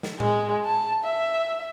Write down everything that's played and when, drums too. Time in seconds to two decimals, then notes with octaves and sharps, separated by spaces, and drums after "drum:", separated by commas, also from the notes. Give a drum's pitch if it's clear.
0.03 drum: snare
0.20 G#3, drum: tom A2
0.65 A5
1.05 E5